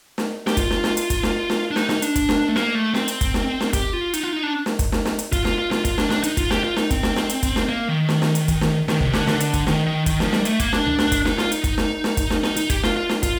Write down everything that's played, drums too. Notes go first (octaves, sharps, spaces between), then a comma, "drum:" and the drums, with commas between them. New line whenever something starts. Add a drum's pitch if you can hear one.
drum: snare
G4, drum: snare
F4, drum: kick, hi-hat
drum: snare
drum: snare
drum: hi-hat
drum: kick, hi-hat
drum: snare
drum: snare
D4
D#4, drum: snare
D#4, drum: snare
D4, drum: hi-hat
drum: kick, hi-hat
drum: snare
A3
A#3, drum: snare
A3
C4, drum: snare
drum: hi-hat
drum: kick, hi-hat
drum: snare
drum: snare
G4, drum: kick, hi-hat
F4
D#4, drum: hi-hat
F4
D#4
D4
drum: snare
drum: kick, hi-hat
drum: snare
drum: snare
drum: hi-hat
F4, drum: kick, hi-hat
F4, drum: snare
F4
F4, drum: snare
F4, drum: kick, hi-hat
D4, drum: snare
D4, drum: snare
D#4, drum: hi-hat
F4, drum: kick, hi-hat
G4, drum: snare
F4
D#4, drum: snare
C4, drum: kick, hi-hat
drum: snare
drum: snare
drum: hi-hat
drum: kick, hi-hat
drum: snare
A#3
D#3
drum: snare
drum: snare
drum: hi-hat
drum: kick, hi-hat
drum: snare
D#3, drum: snare
C3, drum: kick
D3, drum: snare
D3, drum: snare
drum: hi-hat
drum: kick, hi-hat
D#3, drum: snare
D#3
D#3, drum: kick, hi-hat
F3, drum: snare
G3, drum: snare
A3, drum: hi-hat
A#3, drum: kick, hi-hat
D4, drum: snare
drum: tom C#2
drum: snare
drum: kick, hi-hat
D#4, drum: snare
F4, drum: snare
D#4, drum: hi-hat
D#4, drum: kick, hi-hat
drum: snare
drum: snare
drum: kick, hi-hat
drum: snare
D#4, drum: snare
D#4, drum: hi-hat
G4, drum: kick, hi-hat
F4, drum: snare
F4
drum: snare
F4, drum: kick, hi-hat